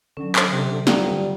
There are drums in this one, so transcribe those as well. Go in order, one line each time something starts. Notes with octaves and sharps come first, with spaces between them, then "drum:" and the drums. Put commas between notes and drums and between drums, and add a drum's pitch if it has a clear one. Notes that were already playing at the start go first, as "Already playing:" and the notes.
D3 F#3 C#4
drum: clap
C3
D2 G2 G3 F4 F#5 A#5, drum: snare